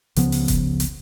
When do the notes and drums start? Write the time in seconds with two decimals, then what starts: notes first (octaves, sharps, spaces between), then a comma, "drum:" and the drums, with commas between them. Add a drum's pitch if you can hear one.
0.16 C#2 C#3 F3 B3, drum: hi-hat
0.32 drum: open hi-hat
0.48 drum: kick F1, hi-hat
0.80 drum: hi-hat